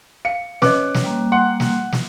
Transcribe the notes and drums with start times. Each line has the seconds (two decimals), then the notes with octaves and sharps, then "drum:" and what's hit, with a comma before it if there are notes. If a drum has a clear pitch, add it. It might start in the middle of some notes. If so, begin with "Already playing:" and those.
0.25 F5 C#7
0.62 C#4 B4 D#5 D6 F#6, drum: snare
0.94 drum: snare
1.04 G3 A#3
1.32 F#5 C6
1.60 drum: snare
1.92 drum: snare